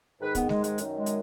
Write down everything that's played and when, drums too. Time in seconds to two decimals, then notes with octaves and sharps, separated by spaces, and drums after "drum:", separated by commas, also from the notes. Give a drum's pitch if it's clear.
0.21 G#2 D#3 B4
0.35 B3, drum: kick, hi-hat
0.49 G#3, drum: snare G#3
0.64 G#3, drum: hi-hat
0.78 F#2 D#3, drum: hi-hat
0.97 G#3
1.06 drum: hi-hat